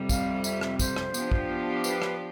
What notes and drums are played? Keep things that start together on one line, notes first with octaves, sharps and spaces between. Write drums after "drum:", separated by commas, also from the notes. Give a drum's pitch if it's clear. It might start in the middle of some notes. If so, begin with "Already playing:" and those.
Already playing: F2 C3 G3
F5, drum: kick, tambourine
E5, drum: tambourine
drum: rim click
C5, drum: kick, tambourine
drum: rim click
F3 B3 D4 G4, drum: tambourine
drum: kick
B4, drum: tambourine
drum: rim click